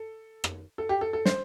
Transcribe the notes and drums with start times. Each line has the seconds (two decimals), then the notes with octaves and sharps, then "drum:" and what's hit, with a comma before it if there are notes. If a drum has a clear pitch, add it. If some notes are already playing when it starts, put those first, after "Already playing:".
Already playing: A4
0.44 drum: rim click
0.78 A4
0.89 G4
1.01 A4
1.13 A4
1.25 C5, drum: snare